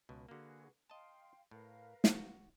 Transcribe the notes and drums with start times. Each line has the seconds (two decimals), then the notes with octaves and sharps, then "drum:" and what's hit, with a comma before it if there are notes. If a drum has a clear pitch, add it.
0.09 C#2 B2
0.29 D3 A#3 F#4 G#4 B4
0.90 D#5 F5 G5 A5 C6
1.51 A2 A#4 B4 F5
2.04 drum: snare
2.14 F#4